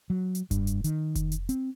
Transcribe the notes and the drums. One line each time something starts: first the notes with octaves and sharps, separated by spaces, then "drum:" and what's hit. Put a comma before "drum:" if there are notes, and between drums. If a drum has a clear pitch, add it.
F#3
drum: hi-hat
G2, drum: kick F1, hi-hat
drum: hi-hat
D#3, drum: hi-hat
drum: kick F1, hi-hat
drum: hi-hat
C4, drum: hi-hat